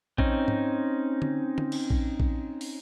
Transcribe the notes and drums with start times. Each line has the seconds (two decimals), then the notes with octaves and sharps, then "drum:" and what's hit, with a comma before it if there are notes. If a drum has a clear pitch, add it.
0.18 C4 C#4 D#4, drum: kick A#1
0.48 drum: tom G#2
1.22 drum: tom D3
1.58 drum: tom D3
1.72 drum: cymbal
1.90 drum: kick A#1
2.20 drum: kick A#1
2.61 drum: open hi-hat